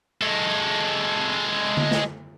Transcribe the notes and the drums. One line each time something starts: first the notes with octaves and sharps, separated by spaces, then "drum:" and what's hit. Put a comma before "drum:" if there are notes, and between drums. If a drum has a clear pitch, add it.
G#3 A4
drum: tom D3
drum: snare